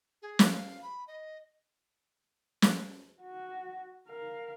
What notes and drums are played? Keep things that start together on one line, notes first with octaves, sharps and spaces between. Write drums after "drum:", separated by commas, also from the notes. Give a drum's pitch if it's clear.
G#4
drum: snare
F5
B5
D#5
drum: snare
F#4
A#4 F5